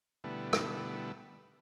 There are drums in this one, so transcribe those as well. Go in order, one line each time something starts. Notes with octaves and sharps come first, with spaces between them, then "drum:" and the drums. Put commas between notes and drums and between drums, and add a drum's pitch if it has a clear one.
B2 D3 G3 A3 B3 E4
drum: rim click